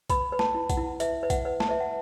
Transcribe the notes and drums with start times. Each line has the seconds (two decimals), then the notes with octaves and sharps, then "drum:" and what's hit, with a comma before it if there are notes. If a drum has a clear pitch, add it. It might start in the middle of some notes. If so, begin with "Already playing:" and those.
0.10 B4 B5, drum: kick B1, hi-hat
0.32 B4
0.39 A5, drum: snare
0.55 E4
0.69 F#5, drum: kick B1, hi-hat
0.77 E4
1.00 B4 E5, drum: hi-hat
1.23 B4
1.30 F#5, drum: kick B1, hi-hat
1.45 B4
1.60 A5, drum: snare
1.68 B4 E5
1.80 F#5